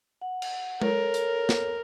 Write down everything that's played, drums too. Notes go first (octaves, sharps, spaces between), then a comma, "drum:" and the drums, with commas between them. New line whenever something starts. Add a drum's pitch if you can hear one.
F#5
drum: cymbal
A4 A#4 C#5, drum: tom G#3
drum: hi-hat
drum: snare